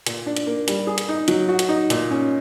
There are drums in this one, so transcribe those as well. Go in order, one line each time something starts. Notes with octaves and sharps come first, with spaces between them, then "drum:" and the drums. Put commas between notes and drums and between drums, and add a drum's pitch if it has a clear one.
A#2, drum: hi-hat
D4
drum: hi-hat
A#3
G3, drum: hi-hat
G#4
drum: hi-hat
D#4
F#3, drum: hi-hat
F#4
drum: hi-hat
D#4
A#2, drum: hi-hat
C#4